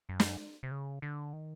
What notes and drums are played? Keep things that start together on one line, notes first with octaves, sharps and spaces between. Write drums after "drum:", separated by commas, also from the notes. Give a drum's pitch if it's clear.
F#2
drum: snare
C3
C#3
D3
D#3